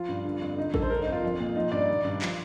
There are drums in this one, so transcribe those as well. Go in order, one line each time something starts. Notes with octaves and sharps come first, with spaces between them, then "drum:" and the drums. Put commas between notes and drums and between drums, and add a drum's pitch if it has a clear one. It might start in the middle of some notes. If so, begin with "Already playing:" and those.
Already playing: F3 F4
G2
D3
F2
D3 D#4
G2 A4, drum: kick A1
C5
D3 A#4
D#4
F2
F4
F3
A#2
F3 D#4
G2 D5
D#3
G2
F3, drum: clap